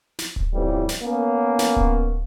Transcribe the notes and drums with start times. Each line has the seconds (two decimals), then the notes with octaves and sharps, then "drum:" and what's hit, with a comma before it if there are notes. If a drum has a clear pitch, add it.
0.19 drum: snare
0.36 drum: kick D1
0.54 A1 F2 E3 G3
0.89 drum: snare
1.02 A#3 B3 C#4
1.59 drum: snare
1.76 drum: kick D1